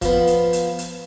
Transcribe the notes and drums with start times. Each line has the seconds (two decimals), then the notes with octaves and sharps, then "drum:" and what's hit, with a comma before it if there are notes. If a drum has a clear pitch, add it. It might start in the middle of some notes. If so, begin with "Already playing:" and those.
0.02 F3 B3, drum: kick, hi-hat
0.27 drum: hi-hat
0.53 drum: hi-hat
0.79 drum: hi-hat